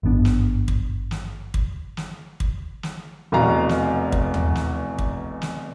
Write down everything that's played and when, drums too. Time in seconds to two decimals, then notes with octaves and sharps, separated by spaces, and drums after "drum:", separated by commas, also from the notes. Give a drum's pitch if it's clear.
0.03 G#1 G2 B3 D4
0.25 drum: snare
0.68 drum: kick
1.11 drum: snare
1.54 drum: kick
1.97 drum: snare
2.40 drum: kick
2.83 drum: snare
3.32 F1 E2 B2 F#4 F5 A#5
3.69 drum: snare
4.12 drum: kick
4.34 drum: tom
4.55 drum: snare
4.98 drum: kick
5.42 drum: snare